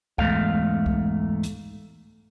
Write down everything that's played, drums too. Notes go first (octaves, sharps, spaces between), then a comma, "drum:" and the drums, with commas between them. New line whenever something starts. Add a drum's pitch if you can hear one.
E2 G#2 A3 F5, drum: kick C2
drum: kick C2
drum: hi-hat